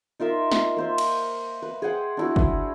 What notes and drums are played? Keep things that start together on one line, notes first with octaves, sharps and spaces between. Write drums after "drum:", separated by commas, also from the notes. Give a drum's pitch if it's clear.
D#4 F4 A#4 E5
drum: snare
A#3 C5 E5
drum: cymbal
B4
G#4 C5 F#5 G5
D4 E4 F#4
drum: kick